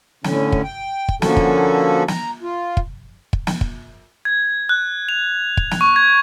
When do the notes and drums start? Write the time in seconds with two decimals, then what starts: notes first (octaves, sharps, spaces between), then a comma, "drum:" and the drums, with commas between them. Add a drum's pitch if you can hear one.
0.24 A2 D3 C#4, drum: snare
0.52 drum: kick
0.64 G5
1.08 drum: kick
1.22 D3 F3 A#3 C#4 F#4 A4, drum: snare
1.37 drum: kick
2.08 A#5, drum: snare
2.43 F4
2.77 drum: kick
3.33 drum: kick
3.47 drum: snare
3.61 drum: kick
4.25 G#6
4.69 F#6
5.09 F7
5.57 drum: kick
5.71 drum: snare
5.81 C#6
5.96 G#6